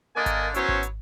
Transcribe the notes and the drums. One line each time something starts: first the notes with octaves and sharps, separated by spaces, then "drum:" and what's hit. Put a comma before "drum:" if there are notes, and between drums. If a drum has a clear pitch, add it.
D3 A#3 A#4 D5 D#5 G#5
drum: kick G#1, hi-hat
F#3 B3 C#4 E4 C5 C#5, drum: hi-hat
drum: kick G#1
drum: hi-hat